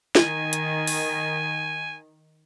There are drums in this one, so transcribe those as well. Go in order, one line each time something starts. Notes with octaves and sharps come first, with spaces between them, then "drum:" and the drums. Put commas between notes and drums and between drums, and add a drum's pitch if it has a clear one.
D#3 G#5, drum: snare
drum: hi-hat
drum: open hi-hat